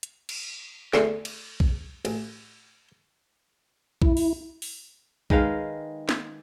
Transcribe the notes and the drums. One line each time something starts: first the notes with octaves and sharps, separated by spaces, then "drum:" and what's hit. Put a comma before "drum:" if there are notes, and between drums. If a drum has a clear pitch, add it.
drum: hi-hat
drum: cymbal
E2 D3 A3 D4 C6 C#6, drum: snare
drum: cymbal
drum: kick B1
A1, drum: cymbal
E4, drum: kick B1
drum: open hi-hat
drum: open hi-hat
D#3 G#3 B4 F5, drum: kick B1
drum: snare